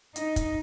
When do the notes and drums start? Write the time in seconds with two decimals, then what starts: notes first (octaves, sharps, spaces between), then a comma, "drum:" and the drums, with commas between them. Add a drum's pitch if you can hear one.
0.16 D#4, drum: hi-hat
0.36 drum: kick, hi-hat